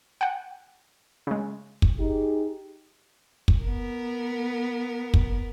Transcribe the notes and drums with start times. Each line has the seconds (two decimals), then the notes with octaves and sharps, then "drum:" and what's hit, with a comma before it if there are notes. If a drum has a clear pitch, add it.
0.21 F#5 G5
1.27 C#3 G#3
1.82 drum: kick
1.98 D#4 G4 G#4
3.48 drum: kick
3.62 B3 A#4
5.14 drum: kick